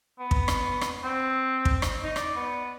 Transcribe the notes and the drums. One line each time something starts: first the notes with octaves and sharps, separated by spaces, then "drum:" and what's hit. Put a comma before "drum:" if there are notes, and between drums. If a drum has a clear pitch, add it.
B3
drum: kick
drum: rim click
drum: rim click
C4
drum: kick
drum: rim click
D#4
D5, drum: rim click
B3